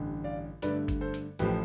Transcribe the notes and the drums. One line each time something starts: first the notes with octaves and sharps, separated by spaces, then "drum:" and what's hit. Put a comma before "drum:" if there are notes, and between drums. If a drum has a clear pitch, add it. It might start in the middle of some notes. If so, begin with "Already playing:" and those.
Already playing: A1 G2 D3
D5 F5
G2 D3 A3 B4 D5, drum: hi-hat
drum: kick, hi-hat
A4 C5
drum: hi-hat
A1 A2 F3 G4 B4, drum: hi-hat